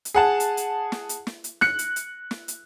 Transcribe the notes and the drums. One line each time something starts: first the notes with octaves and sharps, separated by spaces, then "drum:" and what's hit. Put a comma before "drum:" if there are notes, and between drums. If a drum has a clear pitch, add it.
drum: hi-hat
G#4 F#5 A5
drum: hi-hat
drum: hi-hat
drum: snare
drum: hi-hat
drum: snare
drum: hi-hat
F#6 C#7, drum: snare
drum: hi-hat
drum: hi-hat
drum: snare
drum: hi-hat